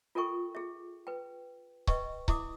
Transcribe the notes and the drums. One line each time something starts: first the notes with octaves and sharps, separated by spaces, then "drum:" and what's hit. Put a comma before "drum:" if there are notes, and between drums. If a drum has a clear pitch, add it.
F4 A4 A#4 E5 G5 C#6
G#4 E5
B4 G5
B4 D#5 E5 G5 C#6, drum: kick C#1
E4 E5 D6 D#6, drum: kick C#1